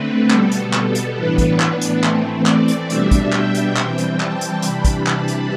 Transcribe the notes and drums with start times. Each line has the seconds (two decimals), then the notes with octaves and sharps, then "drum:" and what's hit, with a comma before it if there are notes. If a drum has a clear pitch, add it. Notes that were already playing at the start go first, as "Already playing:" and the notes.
Already playing: D3 A3 C4 B4
0.30 B2 G3 B3 A4, drum: clap
0.52 drum: hi-hat
0.73 drum: clap
0.95 drum: hi-hat
1.16 A2 E3 B3 D4 B4
1.38 drum: kick, hi-hat
1.60 drum: clap
1.81 drum: hi-hat
2.04 E3 A3 C4, drum: clap
2.46 D5, drum: clap
2.68 drum: hi-hat
2.90 B2 G3 D4 E5, drum: hi-hat
3.11 drum: kick, hi-hat
3.32 G5, drum: clap
3.55 drum: hi-hat
3.76 E3 G3 C4 G5, drum: clap
3.98 drum: hi-hat
4.20 A5, drum: clap
4.41 drum: hi-hat
4.62 C3 E3 G3 D4 B5, drum: hi-hat
4.85 drum: kick, hi-hat
5.07 A5, drum: clap
5.28 drum: hi-hat